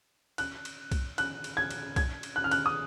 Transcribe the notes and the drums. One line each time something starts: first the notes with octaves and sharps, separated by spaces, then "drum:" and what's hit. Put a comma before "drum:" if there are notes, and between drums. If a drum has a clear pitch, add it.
F#6, drum: cymbal
drum: cymbal
drum: kick B1, cymbal
F#6, drum: cymbal
drum: cymbal
G#6
drum: cymbal
G#6, drum: kick B1, cymbal
drum: cymbal
F#6
F6
F#6, drum: cymbal
D#6